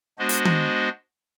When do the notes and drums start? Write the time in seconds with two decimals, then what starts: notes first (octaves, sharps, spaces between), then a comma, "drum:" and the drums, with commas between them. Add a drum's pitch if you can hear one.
0.19 G#3 B3 D4 F#4 C5 D#5
0.29 drum: hi-hat
0.45 drum: tom D#3